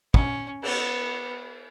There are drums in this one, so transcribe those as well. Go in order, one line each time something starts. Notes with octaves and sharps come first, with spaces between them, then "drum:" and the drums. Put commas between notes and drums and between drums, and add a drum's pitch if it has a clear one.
C#4, drum: kick
B3, drum: cymbal